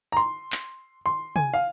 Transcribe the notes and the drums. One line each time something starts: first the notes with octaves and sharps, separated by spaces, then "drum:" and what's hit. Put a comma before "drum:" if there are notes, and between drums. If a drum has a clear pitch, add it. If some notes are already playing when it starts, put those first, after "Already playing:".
A#5
C6
drum: clap
C6
G#5, drum: tom
F5